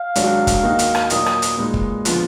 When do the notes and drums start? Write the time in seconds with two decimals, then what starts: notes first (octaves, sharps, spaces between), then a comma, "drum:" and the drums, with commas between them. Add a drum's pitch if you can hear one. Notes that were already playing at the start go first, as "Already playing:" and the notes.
Already playing: F5
0.16 G#2 D#3 F#3 D4 F#4, drum: hi-hat
0.47 drum: kick, hi-hat
0.63 D#2 D#3 A#3 D#4 F#4
0.79 drum: hi-hat
0.95 drum: rim click
1.10 A#2 F#3 A#3 D#4 D#5, drum: hi-hat
1.26 drum: rim click
1.42 drum: hi-hat
1.57 A#2 G#3 D#4 B4
1.74 drum: kick
2.05 D3 F3 B3 F4, drum: hi-hat